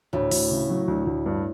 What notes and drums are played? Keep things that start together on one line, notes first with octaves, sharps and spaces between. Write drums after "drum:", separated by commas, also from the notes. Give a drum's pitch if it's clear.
D2 A2
D2, drum: open hi-hat
C#3
F#3
D2
D2
G2